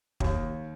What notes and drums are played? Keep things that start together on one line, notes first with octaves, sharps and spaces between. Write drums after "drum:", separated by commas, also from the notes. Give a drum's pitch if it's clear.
D#2, drum: kick